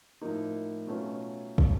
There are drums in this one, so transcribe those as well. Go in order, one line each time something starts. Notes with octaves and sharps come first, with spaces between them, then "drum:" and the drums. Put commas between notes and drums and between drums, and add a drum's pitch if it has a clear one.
A2 F3 A#3 D#4
B2 F#3 A3 C#4 F4
drum: kick